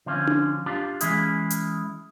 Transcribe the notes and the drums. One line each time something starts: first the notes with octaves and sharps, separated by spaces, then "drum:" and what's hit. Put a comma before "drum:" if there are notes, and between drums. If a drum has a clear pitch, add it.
D3 F3 C4 C#4
drum: tom D4
D4 F4 G4 A5
E3 G#3 C#4 E4 G#4, drum: hi-hat
drum: hi-hat